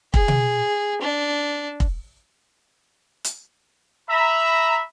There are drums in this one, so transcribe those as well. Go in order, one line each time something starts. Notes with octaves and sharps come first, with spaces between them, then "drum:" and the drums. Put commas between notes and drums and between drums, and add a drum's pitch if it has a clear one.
G#4, drum: kick
drum: tom B2
D4
drum: kick
drum: hi-hat
E5 A#5 B5